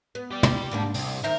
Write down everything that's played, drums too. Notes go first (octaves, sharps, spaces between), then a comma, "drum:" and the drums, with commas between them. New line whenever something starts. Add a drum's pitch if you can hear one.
B3
G4 D5
drum: tom
G#2 A#3 D4
C2 C4, drum: open hi-hat
D#3 A#4 C5 E5